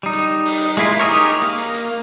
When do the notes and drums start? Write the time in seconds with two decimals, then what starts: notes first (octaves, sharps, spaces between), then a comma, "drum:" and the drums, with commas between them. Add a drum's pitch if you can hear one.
0.03 G3 D#4
0.13 drum: hi-hat
0.45 drum: open hi-hat
0.61 drum: hi-hat
0.77 G#3 A#3 E4 F4
1.00 D#4 G4 G#4 A#4 C#5
1.10 drum: hi-hat
1.26 drum: hi-hat
1.42 A#3
1.58 drum: hi-hat
1.74 drum: hi-hat